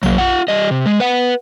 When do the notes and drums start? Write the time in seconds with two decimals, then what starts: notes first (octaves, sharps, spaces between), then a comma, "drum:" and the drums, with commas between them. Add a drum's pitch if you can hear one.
0.03 F#3 A#3, drum: tom A#1
0.18 F4 F#5
0.48 G3 D#5
0.71 C3
0.86 G#3
1.00 B4 F#5